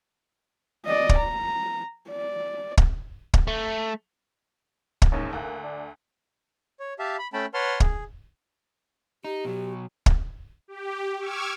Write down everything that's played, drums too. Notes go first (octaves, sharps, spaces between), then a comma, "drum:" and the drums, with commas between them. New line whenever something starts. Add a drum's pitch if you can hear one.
D5 D#5
drum: kick
A#5
D5
drum: kick
drum: kick
A3
drum: kick
A1 D#2 G#2 C#4
D2 A#3 F#6
D4
C#5
G4 E5 F5 A5
B5
A3 C#4 G5 A5 B5
B4 C#5 F#5 A5 C6 F6
G#4, drum: kick
D#4 G4
B2 F#3
drum: kick
G4
C#6 D6 E6 F6 G#6